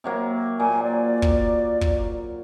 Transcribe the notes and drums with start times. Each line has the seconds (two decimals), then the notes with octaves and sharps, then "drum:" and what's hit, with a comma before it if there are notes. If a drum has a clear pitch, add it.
0.04 C3 F#3 A#3
0.60 A#2 G#5
0.83 D5
1.22 drum: kick
1.81 drum: kick